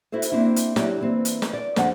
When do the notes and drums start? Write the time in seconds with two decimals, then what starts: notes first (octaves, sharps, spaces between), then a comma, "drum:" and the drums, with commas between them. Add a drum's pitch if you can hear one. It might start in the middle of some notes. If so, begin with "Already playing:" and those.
0.12 E4 F#4 A4 C5
0.22 drum: hi-hat
0.31 A#3 C4 D4 E4 F#4
0.56 drum: hi-hat
0.76 F#3 E4 G4 D5, drum: snare
1.01 E3 A#3 C4
1.25 drum: hi-hat
1.42 drum: snare
1.53 D5
1.76 F2 F3 G3 D4 F#5, drum: snare